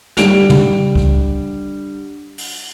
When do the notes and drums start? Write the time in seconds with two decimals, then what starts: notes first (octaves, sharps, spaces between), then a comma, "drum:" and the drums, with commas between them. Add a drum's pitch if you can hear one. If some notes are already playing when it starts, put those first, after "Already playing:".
0.17 D3 G3 D7 F7, drum: snare
0.50 drum: tom
0.95 drum: kick
2.38 drum: open hi-hat